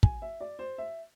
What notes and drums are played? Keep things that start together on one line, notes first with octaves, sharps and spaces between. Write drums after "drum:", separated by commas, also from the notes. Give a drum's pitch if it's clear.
G#5, drum: kick
E5
D5
C5
E5